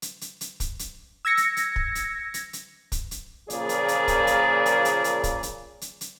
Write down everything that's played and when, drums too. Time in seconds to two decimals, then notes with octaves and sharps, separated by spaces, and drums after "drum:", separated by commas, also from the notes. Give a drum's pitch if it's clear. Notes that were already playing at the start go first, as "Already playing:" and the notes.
0.02 drum: hi-hat
0.21 drum: hi-hat
0.41 drum: hi-hat
0.60 drum: kick, hi-hat
0.79 drum: hi-hat
1.25 E6 G#6 A#6 C#7
1.37 drum: hi-hat
1.57 drum: hi-hat
1.76 drum: kick
1.95 drum: hi-hat
2.34 drum: hi-hat
2.53 drum: hi-hat
2.92 drum: kick, hi-hat
3.11 drum: hi-hat
3.50 A#2 C#3 F3 A#3 G#4 D5, drum: hi-hat
3.69 drum: hi-hat
3.88 drum: hi-hat
4.08 drum: kick, hi-hat
4.27 drum: hi-hat
4.66 drum: hi-hat
4.85 drum: hi-hat
5.04 drum: hi-hat
5.24 drum: kick, hi-hat
5.43 drum: hi-hat
5.81 drum: hi-hat
6.01 drum: hi-hat